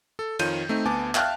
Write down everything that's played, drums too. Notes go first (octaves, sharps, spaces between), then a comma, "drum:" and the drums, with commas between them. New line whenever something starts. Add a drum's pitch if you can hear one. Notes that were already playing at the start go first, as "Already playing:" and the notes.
A4
F2 D#3 F4 C#5 G6 D#7, drum: cymbal
A3 C4 D#4
D2 B3 G#5 A5 D6
E5 F5 G5 A5 F6 F#6, drum: clap